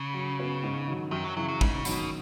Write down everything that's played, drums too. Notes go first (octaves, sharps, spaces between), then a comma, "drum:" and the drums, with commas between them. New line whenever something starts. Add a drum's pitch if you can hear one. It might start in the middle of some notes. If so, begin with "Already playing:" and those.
Already playing: C#3
F#3
B3 F#4
G#2
D#3 F#3
F#2 D#3
F#3
C#3 E3 F#3
F#3
G#2 C#3, drum: kick
B2 D#3 F#3, drum: tambourine